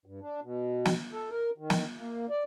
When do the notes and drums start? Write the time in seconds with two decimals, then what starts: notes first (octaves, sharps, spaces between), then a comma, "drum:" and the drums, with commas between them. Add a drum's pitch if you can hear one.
0.06 G2
0.21 D4
0.43 B2
0.85 drum: snare
1.13 A4
1.30 A#4
1.58 D#3
1.70 drum: snare
1.98 A#3
2.30 D5